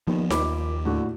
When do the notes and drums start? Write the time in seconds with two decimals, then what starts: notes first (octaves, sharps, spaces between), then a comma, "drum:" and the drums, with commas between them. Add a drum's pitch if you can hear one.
0.07 D#2 F3 B3
0.30 D#2 A#2 B5 D6, drum: snare D#4
0.85 A2 D3 F#4